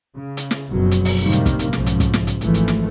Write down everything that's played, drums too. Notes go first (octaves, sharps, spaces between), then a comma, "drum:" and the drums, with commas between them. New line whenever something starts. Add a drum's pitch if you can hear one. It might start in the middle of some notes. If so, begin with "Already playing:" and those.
C#3
drum: hi-hat
drum: snare
F#1 B2 F3 F#3
drum: hi-hat
drum: open hi-hat
A2 C3 D#3 G3 A#3
drum: hi-hat
drum: kick, hi-hat
drum: hi-hat
B1 G#2 C#3 F3, drum: snare
drum: hi-hat
drum: kick, hi-hat
drum: snare
drum: hi-hat
G#1 E3 F3 A3, drum: hi-hat
drum: hi-hat
drum: snare